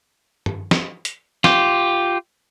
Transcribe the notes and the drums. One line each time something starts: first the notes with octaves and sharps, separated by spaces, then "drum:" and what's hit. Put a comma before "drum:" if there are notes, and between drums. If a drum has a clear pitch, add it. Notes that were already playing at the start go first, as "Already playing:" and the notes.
drum: tom G2
drum: snare
drum: hi-hat
F4 G4, drum: snare